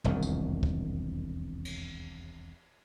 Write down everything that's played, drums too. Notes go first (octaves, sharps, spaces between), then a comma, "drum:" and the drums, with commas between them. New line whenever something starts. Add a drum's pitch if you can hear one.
E1 C2 F2 D#3, drum: tom
drum: tambourine
drum: kick
drum: cymbal